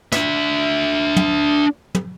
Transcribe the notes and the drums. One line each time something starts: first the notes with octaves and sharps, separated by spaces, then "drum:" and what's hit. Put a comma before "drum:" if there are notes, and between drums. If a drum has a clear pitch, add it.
D4 E5, drum: snare
drum: tom
drum: tom